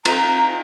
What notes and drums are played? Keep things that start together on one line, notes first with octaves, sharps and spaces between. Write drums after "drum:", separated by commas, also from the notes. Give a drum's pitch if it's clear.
A#5, drum: cymbal
A#5